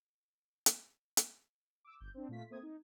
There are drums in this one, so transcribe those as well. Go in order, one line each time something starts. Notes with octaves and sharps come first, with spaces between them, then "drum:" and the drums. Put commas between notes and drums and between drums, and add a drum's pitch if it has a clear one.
drum: hi-hat
drum: hi-hat
D6 E6
G1 G6
C4 D4
A#2 A3 F4 B6
A3 A#3 C4 D#6 G#6
D#4